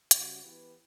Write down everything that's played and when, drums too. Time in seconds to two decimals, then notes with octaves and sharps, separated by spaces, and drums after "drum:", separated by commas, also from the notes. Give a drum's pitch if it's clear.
0.11 C#3 G3 C#4 F#4, drum: hi-hat
0.42 E3 B3 E4 G4 B4